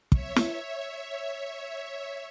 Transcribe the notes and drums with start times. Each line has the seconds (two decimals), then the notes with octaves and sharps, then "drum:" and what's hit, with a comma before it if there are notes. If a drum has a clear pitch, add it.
0.12 C#5 E5, drum: kick
0.36 drum: snare